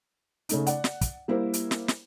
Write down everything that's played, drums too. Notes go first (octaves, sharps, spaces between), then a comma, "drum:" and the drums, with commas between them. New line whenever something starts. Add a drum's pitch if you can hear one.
C#3 A3 D#4, drum: hi-hat
D5 F#5, drum: hi-hat
drum: snare
drum: kick, hi-hat
G3 A#3 E4 A#4 C5
drum: hi-hat
drum: snare
drum: snare